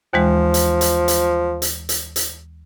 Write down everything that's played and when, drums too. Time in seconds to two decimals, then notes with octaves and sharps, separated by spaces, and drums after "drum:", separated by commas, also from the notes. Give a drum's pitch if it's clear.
0.13 D#2 E3 F3 G#3
0.54 drum: hi-hat
0.81 drum: hi-hat
1.08 drum: hi-hat
1.62 drum: hi-hat
1.89 drum: hi-hat
2.16 drum: hi-hat